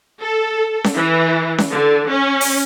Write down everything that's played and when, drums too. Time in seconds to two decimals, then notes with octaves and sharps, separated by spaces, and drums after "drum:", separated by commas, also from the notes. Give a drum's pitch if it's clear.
0.21 A4
0.84 drum: snare C#4
0.97 E3
1.58 drum: snare C#4
1.72 D3
2.10 C#4
2.41 drum: open hi-hat